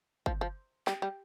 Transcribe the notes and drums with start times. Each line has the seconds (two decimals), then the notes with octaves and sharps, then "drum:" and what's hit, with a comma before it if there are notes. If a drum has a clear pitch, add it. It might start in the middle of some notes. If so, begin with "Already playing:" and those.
0.26 F3, drum: kick
0.41 F3
0.87 G3, drum: clap
1.02 G3